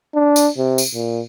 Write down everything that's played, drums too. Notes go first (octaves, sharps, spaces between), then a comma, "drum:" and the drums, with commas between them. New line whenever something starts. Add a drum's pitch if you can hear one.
D4
drum: tambourine
C3
drum: tambourine
A#2